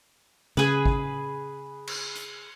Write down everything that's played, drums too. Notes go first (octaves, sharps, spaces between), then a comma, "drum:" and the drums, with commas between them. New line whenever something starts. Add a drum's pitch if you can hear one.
C#3 G#4 B4, drum: snare
drum: kick G#1
drum: cymbal
drum: hi-hat